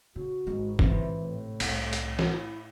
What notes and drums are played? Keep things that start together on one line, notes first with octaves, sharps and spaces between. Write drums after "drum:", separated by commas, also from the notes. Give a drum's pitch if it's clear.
C#3 F#4
G#1 G#3
C3 E3, drum: kick
A2
C2 F#5, drum: cymbal
drum: hi-hat
drum: snare
E4